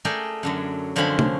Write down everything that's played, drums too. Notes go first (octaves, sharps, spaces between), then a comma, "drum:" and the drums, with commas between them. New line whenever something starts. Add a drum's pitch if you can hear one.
A3 G#4 A#4 D5 G5 G#5
F#2 D3 F#3
F#2 D3 F3 C4 C#4 B5
drum: tom